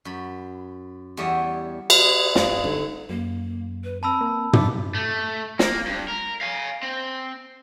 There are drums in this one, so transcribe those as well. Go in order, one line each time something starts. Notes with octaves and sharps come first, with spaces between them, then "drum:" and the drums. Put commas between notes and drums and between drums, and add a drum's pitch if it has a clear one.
F#2 B5
E2 G3 G4 C#5 D#5 E5
D5 D#6, drum: cymbal
G2 F5, drum: snare
D3 D#4
F#2 A#3
B4
C4 A5 B5 E6
A#3
F#2 A#2 D6, drum: tom
A3
A#3, drum: snare
G2
A#4
F5 G#5
C4